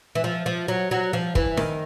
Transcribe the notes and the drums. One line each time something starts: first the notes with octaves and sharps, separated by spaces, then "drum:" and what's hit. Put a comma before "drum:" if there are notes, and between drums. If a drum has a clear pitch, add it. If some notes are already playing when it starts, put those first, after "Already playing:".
E3
F3
F3
F#3
F#3
F3
E3, drum: kick
D#3, drum: snare D#4